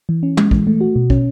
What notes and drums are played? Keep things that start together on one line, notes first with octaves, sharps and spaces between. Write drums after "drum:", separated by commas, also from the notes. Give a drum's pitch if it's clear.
E3
C#4
G#3, drum: tom
E3, drum: kick
A3
F#4
B2
C#4, drum: kick